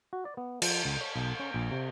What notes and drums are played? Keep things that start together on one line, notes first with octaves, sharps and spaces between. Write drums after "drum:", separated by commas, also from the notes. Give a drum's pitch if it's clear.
F#4
D5
B3
F3, drum: cymbal
C#2
C#5
B1
C#4
A#1
C3